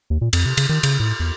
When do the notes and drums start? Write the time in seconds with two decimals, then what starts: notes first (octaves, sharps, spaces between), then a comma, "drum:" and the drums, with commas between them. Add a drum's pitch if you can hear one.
0.10 D#2
0.21 A#2
0.33 F2, drum: cymbal
0.46 C3
0.57 C#3, drum: cymbal
0.69 D#3
0.83 C#3, drum: cymbal
1.00 A2
1.20 E2